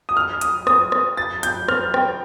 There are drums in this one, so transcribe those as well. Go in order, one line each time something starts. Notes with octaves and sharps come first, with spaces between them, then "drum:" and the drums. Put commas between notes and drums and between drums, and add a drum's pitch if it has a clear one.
D#6
F6
D#6, drum: hi-hat
D#6, drum: rim click
drum: rim click
A6
G6, drum: hi-hat
F6, drum: rim click
G5, drum: rim click